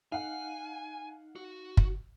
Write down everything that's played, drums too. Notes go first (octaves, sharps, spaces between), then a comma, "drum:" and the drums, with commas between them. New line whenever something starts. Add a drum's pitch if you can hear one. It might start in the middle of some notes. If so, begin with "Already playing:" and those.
D#4 F5 F#5 G#5
F#4
drum: kick